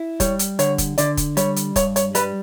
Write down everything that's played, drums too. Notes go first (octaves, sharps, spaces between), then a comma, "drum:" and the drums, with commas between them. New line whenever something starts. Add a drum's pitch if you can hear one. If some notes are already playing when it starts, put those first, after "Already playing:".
Already playing: E4
G3 C#5, drum: kick, hi-hat
drum: hi-hat
D3 C#5, drum: hi-hat
drum: kick, hi-hat
D3 D5, drum: hi-hat
drum: kick, hi-hat
G3 C#5, drum: hi-hat
drum: hi-hat
G2 C#5, drum: kick, hi-hat
C#5, drum: hi-hat
G3 B4, drum: hi-hat